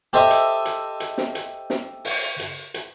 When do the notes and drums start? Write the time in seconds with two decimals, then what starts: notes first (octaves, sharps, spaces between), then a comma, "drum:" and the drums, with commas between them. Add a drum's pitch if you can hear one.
0.13 G4 A4 C5 D#5 E5
0.31 drum: hi-hat
0.65 drum: hi-hat
1.00 drum: hi-hat
1.18 drum: snare
1.35 drum: hi-hat
1.70 drum: snare
2.05 drum: open hi-hat
2.39 drum: hi-hat
2.74 drum: hi-hat